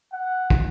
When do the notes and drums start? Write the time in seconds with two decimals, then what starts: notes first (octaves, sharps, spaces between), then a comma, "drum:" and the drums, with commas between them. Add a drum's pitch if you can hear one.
0.13 F#5
0.50 drum: kick